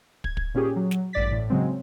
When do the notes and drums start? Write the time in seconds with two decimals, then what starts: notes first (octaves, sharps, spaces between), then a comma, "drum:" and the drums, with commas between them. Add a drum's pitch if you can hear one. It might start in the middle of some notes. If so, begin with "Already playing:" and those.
0.24 G#6, drum: kick
0.37 drum: kick
0.54 A#2 C#4 G4 G#4
0.76 F#3
0.91 drum: snare
1.13 A1 G2 D5 A6 B6
1.32 A2
1.50 C#3 F#3 G#3 C4